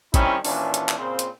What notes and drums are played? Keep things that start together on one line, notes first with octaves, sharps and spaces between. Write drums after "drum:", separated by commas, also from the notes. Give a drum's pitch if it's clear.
D#3 G3 C4 C#4 D#4 E4, drum: kick A#1, hi-hat
D#2 A#2 E3 C#4 D4, drum: open hi-hat
drum: hi-hat
drum: clap
A#2 C#3 C4
drum: hi-hat